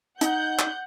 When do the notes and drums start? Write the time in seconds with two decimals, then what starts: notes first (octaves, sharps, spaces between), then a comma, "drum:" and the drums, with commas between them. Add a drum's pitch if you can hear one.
0.21 D#4 F#5 G6, drum: hi-hat
0.59 drum: clap